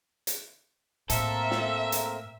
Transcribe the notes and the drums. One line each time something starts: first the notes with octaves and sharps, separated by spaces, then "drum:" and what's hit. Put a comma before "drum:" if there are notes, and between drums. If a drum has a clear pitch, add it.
drum: hi-hat
A2 A#3 C4 A4 A#4 E5, drum: hi-hat
drum: snare
drum: hi-hat